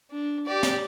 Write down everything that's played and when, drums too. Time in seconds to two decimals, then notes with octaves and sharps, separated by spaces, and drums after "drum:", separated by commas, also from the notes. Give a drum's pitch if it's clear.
0.11 D4
0.47 G4 D5
0.63 drum: snare